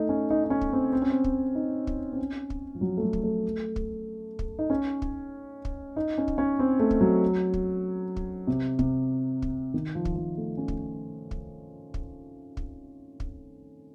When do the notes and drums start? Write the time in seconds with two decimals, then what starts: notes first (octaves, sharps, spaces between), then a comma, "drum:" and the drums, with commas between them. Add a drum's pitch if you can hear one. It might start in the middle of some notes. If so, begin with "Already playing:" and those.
Already playing: A3 D#4
0.09 C#4
0.30 D#4
0.44 D#4
0.50 C#4
0.61 drum: kick
0.72 C4
0.92 C4
1.02 C#4
1.10 C4
1.24 drum: kick
1.55 D#4
1.87 drum: kick
2.13 C4
2.18 C#4
2.50 drum: kick
2.75 F3
2.81 F#3
2.97 A3
3.03 F#3
3.13 drum: kick
3.23 A3
3.76 drum: kick
4.39 drum: kick
4.59 D#4
4.70 C#4
5.02 drum: kick
5.65 drum: kick
5.96 D#4
6.18 C#4
6.28 drum: kick
6.38 C#4
6.59 C4
6.80 A3
6.91 drum: kick
7.01 F#3
7.54 drum: kick
8.16 drum: kick
8.47 C3
8.79 C3, drum: kick
9.42 drum: kick
9.74 D#3
9.95 F3
10.05 drum: kick
10.16 F3
10.37 A3
10.58 C#4
10.68 drum: kick
11.31 drum: kick
11.94 drum: kick
12.57 drum: kick
13.20 drum: kick